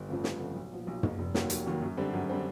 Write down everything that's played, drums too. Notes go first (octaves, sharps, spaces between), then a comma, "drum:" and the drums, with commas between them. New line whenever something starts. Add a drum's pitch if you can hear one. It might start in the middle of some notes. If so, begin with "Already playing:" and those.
Already playing: G1
F2 C#3 F3 A3
G1, drum: snare
F2 C#3 F3 A3
B1
A#2 F3
B1
A#2 F3, drum: tom
F1
D#2 D#3 F#3, drum: snare
F1, drum: hi-hat
D#2 D#3 F#3
F#2
D3 G3 C4
F#2
D3 G3 C4